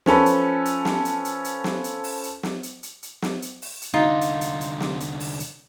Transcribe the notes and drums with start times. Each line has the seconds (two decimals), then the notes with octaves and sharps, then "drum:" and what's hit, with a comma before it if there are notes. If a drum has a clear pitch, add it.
0.06 F3 C#4 A4 B4, drum: snare
0.26 drum: hi-hat
0.65 drum: hi-hat
0.85 drum: snare
1.05 drum: hi-hat
1.25 drum: hi-hat
1.44 drum: hi-hat
1.64 drum: snare
1.84 drum: hi-hat
2.04 drum: open hi-hat
2.24 drum: hi-hat
2.43 drum: snare
2.63 drum: hi-hat
2.83 drum: hi-hat
3.03 drum: hi-hat
3.22 drum: snare
3.42 drum: hi-hat
3.62 drum: open hi-hat
3.82 drum: hi-hat
3.94 C2 D3 D#4 F4
4.21 drum: hi-hat
4.41 drum: hi-hat
4.61 drum: hi-hat
4.81 drum: snare
5.00 drum: hi-hat
5.20 drum: open hi-hat
5.40 drum: hi-hat